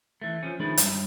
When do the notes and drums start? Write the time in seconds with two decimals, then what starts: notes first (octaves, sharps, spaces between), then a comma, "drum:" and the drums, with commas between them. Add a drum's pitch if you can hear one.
0.22 E3 A3
0.43 F3 C#4
0.60 D#3 F3 G#3 A3 D4 B4
0.77 G2, drum: hi-hat